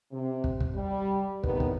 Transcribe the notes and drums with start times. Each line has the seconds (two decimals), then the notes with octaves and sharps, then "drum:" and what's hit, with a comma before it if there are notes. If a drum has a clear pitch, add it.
0.12 C3
0.44 drum: kick
0.60 drum: kick
0.75 G3
1.44 E2 A2 C3 D#3 B3, drum: kick
1.60 drum: kick